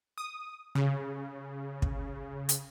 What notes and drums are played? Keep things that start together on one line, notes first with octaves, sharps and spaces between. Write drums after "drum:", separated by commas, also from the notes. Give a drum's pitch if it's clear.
D#6
C#3
drum: kick
drum: hi-hat